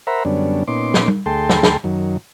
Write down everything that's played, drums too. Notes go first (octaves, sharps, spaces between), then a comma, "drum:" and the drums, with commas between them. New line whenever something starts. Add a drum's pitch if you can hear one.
A#4 C5 E5 F#5 A#5 B5
F#2 D3 G3 B3 C#4 D4
A#2 B3 C#4 D#4 C6 D6
drum: snare
drum: tom
D2 A3 G#4 G5 A5 C6
drum: snare
drum: snare
F#2 D#3 F#3